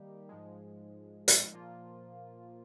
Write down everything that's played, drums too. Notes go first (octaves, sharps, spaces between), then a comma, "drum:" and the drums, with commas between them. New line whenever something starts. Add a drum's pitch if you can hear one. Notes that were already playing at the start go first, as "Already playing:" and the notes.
Already playing: D#3 G3 A#3 D#4 G4
G#2 F3 G#3
drum: hi-hat
A#2 F3 A#3 F4